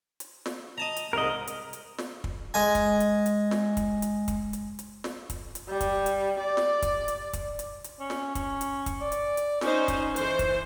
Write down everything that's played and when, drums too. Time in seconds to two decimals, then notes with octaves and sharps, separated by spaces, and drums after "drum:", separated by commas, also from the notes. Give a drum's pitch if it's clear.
0.20 drum: hi-hat
0.46 drum: snare
0.78 D#5 A5 A#5
0.97 drum: hi-hat
1.13 C2 G#2 A#4 D#5
1.47 drum: hi-hat
1.73 drum: hi-hat
1.98 drum: snare
2.24 drum: kick
2.54 G#3 G#5
2.75 drum: kick, hi-hat
3.00 drum: hi-hat
3.26 drum: hi-hat
3.51 drum: snare
3.77 drum: kick, hi-hat
4.02 drum: hi-hat
4.28 drum: kick, hi-hat
4.53 drum: hi-hat
4.79 drum: hi-hat
5.04 drum: snare
5.30 drum: kick, hi-hat
5.55 drum: hi-hat
5.68 G3
5.81 drum: kick, hi-hat
6.06 drum: hi-hat
6.39 D5
6.57 drum: snare
6.82 drum: kick, hi-hat
7.08 drum: hi-hat
7.33 drum: kick, hi-hat
7.59 drum: hi-hat
7.84 drum: hi-hat
8.00 C#4
8.10 drum: snare
8.35 C#4, drum: kick, hi-hat
8.61 drum: hi-hat
8.86 drum: kick, hi-hat
9.01 D5
9.12 drum: hi-hat
9.37 drum: hi-hat
9.61 C#4 D#4 C5, drum: snare
9.88 drum: kick, hi-hat
10.16 E3 C5, drum: hi-hat
10.39 drum: kick, hi-hat